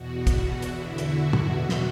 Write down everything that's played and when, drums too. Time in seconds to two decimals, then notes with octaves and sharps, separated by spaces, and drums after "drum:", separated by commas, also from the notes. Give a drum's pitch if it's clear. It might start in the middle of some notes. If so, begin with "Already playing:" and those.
Already playing: E2 B2 F#4
0.27 F#4, drum: kick, hi-hat
0.62 E2 D3 E4, drum: hi-hat
0.98 F#4, drum: hi-hat
1.33 E2 B2 F#4, drum: tom
1.69 drum: snare